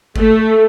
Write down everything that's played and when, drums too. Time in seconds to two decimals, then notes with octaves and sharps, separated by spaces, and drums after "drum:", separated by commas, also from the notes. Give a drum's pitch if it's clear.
0.16 A3, drum: kick G#1